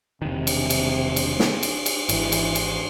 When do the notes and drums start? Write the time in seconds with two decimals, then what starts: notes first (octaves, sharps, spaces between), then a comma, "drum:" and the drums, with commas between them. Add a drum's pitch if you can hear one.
0.22 E1 C3 D#3
0.47 drum: cymbal
0.70 drum: cymbal
1.16 drum: cymbal
1.40 drum: snare
1.63 drum: cymbal
1.86 drum: cymbal
2.09 G#1 E3, drum: cymbal
2.32 drum: cymbal
2.55 drum: cymbal